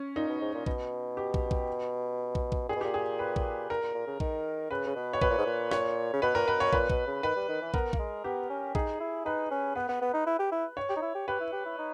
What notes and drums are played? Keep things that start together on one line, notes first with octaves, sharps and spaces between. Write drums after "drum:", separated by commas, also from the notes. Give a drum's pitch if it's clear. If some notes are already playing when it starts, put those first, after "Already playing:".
Already playing: C#4
A#2 D#4
B2
G#2
A#2
B2, drum: kick
G4
drum: kick
drum: kick
drum: kick
drum: kick
A#2 G#4
B2
A#2 G4
G#4
B4
drum: kick
A#2 A#4
A#2
A#2
C#3
D#3, drum: kick
C#3 B4
C#3
B2
C#5
B2 B4, drum: kick
A#2
G#2
A#2
C#5, drum: rim click
C#3
B2 B4
A#2 A#4
B2 B4
B2 C#5
A#2 B4, drum: kick
B2, drum: kick
C#3
D#3 B4
G3
D#3
E3
B3 A#4, drum: kick
A#3, drum: kick
G#3
B3 G4
C#4
D#4 G#4, drum: kick
E4
D#4 B4
C#4
B3 B4
B3
B3
D#4
E4
G4
E4
C#5
G4
D#4
E4
G4
G4 B4
E4
G4
E4
D#4